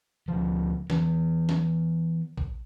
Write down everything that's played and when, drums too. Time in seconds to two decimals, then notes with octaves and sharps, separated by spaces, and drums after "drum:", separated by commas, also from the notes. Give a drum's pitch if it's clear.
0.28 D2 F3
0.90 E3 B3, drum: snare
1.49 drum: snare
2.38 drum: kick